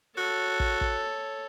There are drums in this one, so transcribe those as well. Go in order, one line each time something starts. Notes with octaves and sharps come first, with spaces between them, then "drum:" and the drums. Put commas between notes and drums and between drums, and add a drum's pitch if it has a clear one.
F#4 A4 C#5
drum: kick
drum: kick